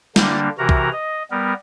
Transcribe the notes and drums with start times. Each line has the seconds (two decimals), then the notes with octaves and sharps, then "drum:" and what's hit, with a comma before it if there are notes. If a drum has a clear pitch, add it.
0.16 D3 G3 A#3 D4, drum: snare
0.58 C3 E3 F#4 A#4 A#5
0.69 drum: kick
0.92 D#5
1.31 G3 B3 A#4